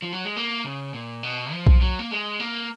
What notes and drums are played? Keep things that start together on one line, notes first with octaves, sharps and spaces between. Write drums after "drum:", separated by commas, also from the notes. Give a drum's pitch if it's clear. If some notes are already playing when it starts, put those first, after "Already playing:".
F3
F#3
G#3
A#3
C#3
A#2
B2
F3
drum: kick B1
F#3
A#3
G#3
A#3